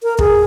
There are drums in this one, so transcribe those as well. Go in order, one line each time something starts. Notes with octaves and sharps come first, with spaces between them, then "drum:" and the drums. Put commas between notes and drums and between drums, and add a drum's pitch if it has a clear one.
A#4
G#4, drum: kick